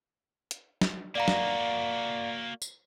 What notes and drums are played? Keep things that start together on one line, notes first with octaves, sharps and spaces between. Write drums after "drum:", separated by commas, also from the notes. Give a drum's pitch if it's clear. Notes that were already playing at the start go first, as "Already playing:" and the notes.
drum: hi-hat
drum: snare
A#3 F#4 D5 F5 A#5
drum: snare
drum: tambourine